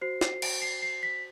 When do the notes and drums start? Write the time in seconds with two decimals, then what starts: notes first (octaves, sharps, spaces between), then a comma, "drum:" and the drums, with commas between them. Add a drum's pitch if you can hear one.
0.01 F#4 C5 C7
0.21 C7, drum: snare
0.42 D7, drum: cymbal
0.62 C7
0.82 C7
1.03 B6